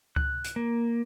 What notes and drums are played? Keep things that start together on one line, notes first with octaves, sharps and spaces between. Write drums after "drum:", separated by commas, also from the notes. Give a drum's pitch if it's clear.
F#6, drum: kick C#2
drum: hi-hat
A#3